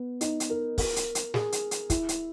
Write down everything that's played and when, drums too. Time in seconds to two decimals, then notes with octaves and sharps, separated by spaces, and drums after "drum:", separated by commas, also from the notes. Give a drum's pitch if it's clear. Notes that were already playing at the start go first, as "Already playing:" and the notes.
Already playing: B3
0.21 D#4, drum: hi-hat
0.40 drum: hi-hat
0.50 A#4
0.78 A#4, drum: kick, open hi-hat
0.96 drum: hi-hat
1.15 drum: hi-hat
1.34 G#4, drum: snare
1.52 drum: hi-hat
1.71 drum: hi-hat
1.90 E4, drum: kick, hi-hat
2.09 drum: hi-hat